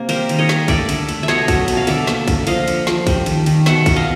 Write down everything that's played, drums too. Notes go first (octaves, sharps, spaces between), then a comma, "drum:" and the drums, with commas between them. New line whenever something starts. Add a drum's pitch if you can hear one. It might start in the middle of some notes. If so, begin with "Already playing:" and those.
Already playing: C3 A#3
G3 A#4 C5, drum: cymbal
D#3, drum: cymbal
C#5 D#5
G3, drum: snare
A3 D5 E5, drum: kick, cymbal
D3, drum: cymbal
A3, drum: cymbal
E5
B2 C#5 D#5, drum: snare
F#3, drum: kick, cymbal
B2, drum: cymbal
F5
D3 D5 E5, drum: cymbal
A#3, drum: snare
D3, drum: kick, cymbal
F3 D#5 F5, drum: cymbal
D3, drum: cymbal
F3, drum: snare
G3, drum: kick, cymbal
D#3, drum: cymbal
D#3, drum: cymbal
B2 E5 F#5, drum: snare
B2, drum: kick, cymbal
D#5 F5